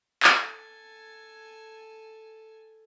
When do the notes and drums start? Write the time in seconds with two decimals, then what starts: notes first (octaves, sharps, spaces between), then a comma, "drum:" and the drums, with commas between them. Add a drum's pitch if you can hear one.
0.23 A4 G#5, drum: clap